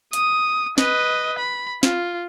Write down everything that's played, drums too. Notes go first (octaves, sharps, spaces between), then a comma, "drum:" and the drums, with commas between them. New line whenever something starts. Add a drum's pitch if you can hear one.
D#6, drum: hi-hat
B4 D#5, drum: snare
B5
F4, drum: snare